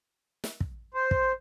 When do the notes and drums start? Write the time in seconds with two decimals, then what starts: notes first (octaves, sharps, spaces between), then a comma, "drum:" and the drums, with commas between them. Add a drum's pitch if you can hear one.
0.44 drum: snare
0.60 drum: kick
0.94 C5
1.11 drum: kick